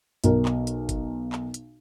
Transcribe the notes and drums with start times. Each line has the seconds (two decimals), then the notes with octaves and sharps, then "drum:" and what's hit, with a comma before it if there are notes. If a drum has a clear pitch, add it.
0.24 B1 A#4, drum: hi-hat
0.45 drum: clap
0.67 drum: hi-hat
0.89 drum: kick G1, hi-hat
1.32 drum: clap
1.54 drum: hi-hat